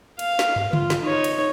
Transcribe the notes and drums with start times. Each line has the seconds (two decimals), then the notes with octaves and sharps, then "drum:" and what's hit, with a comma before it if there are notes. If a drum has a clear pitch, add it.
0.19 F5, drum: cymbal
0.39 drum: snare
0.56 drum: tom
0.73 F4, drum: tom C#3
0.90 drum: snare
1.02 D#4 C#5
1.24 drum: cymbal